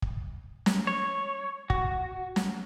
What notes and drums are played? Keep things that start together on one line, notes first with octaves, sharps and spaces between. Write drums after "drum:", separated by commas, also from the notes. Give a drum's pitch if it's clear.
drum: kick
drum: snare
C#5
F#4, drum: kick
drum: snare